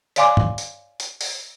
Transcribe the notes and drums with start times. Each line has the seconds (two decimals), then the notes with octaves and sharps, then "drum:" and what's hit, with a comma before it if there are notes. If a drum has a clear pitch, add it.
0.16 C#5 D5 F5 G#5 C6 D6, drum: hi-hat
0.37 drum: tom
0.58 drum: hi-hat
1.00 drum: hi-hat
1.21 drum: open hi-hat